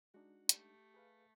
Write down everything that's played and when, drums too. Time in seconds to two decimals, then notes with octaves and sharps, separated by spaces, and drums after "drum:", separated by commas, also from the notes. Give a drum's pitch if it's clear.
0.14 G#3 D4 D#4 F#4
0.49 A3 G4, drum: hi-hat
0.94 G#4 B4 F5